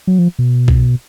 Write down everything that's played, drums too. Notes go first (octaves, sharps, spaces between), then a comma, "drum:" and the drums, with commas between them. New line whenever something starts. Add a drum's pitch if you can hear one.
F#3
F3
B2
drum: kick B1